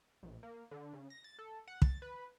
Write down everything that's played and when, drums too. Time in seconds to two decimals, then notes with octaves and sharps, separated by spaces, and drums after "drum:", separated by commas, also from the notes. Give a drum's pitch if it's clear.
0.23 A#1
0.43 A#3
0.71 D3
0.93 C#3
1.10 A#6
1.24 A6
1.39 A4
1.68 F#5
1.82 A6, drum: kick
2.02 B4